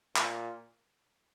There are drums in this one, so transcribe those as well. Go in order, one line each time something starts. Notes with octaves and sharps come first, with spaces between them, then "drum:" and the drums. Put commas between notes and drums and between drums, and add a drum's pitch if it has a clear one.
A#2, drum: clap